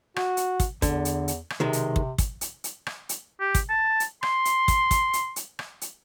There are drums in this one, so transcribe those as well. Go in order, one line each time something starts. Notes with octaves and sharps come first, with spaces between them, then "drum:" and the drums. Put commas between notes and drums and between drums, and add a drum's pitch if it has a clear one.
F#4, drum: rim click
drum: hi-hat
drum: kick, hi-hat
E2 D3, drum: kick, hi-hat
drum: hi-hat
drum: hi-hat
drum: rim click
B1 C3 D#3 G#3
drum: hi-hat
drum: kick
drum: kick, hi-hat
drum: hi-hat
drum: hi-hat
drum: rim click
drum: hi-hat
G4
drum: kick, hi-hat
A5
drum: hi-hat
C6, drum: rim click
drum: hi-hat
drum: kick, hi-hat
drum: kick, hi-hat
drum: hi-hat
drum: hi-hat
drum: rim click
drum: hi-hat